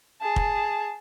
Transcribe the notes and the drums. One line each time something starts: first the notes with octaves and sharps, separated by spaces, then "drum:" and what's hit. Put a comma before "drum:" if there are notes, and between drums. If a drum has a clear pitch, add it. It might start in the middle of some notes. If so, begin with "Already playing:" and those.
G#4 A5
drum: kick